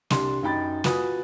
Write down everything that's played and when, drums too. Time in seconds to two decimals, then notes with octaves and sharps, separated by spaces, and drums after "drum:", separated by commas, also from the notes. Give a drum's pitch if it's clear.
0.10 C2 D4 G4 C6, drum: snare
0.43 F#2 D#4 G5 B5 A6
0.84 F4 F#4 B4 G#5 D#6, drum: snare